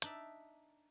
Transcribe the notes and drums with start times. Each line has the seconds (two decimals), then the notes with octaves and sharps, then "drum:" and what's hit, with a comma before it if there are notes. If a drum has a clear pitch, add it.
0.02 D4 D#4 D5 E5, drum: hi-hat